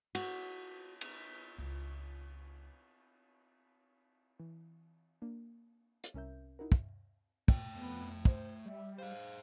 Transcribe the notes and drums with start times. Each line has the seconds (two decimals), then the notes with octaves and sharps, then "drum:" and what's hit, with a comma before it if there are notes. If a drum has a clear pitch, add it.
0.15 F#4, drum: cymbal
1.01 drum: cymbal
1.58 C#2 F4
4.39 E3
5.22 A#3 D4
6.04 drum: hi-hat
6.14 C2 C#4 A#4 E5 G6
6.59 D#4 E4 F#4 A#4
6.72 drum: kick
7.48 A#2 A3 G5, drum: kick
7.74 F2 B3
8.25 C5, drum: kick
8.65 G3 E5
8.98 G#4 C5 F5